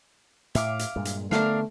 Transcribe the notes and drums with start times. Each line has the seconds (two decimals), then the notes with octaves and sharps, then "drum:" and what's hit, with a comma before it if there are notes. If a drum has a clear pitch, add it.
0.55 A2 E5 F5 D6, drum: hi-hat
0.79 drum: hi-hat
0.96 G2 A#2 G#3
1.05 drum: hi-hat
1.31 D3 A3 B3 D4 A#4 F5, drum: snare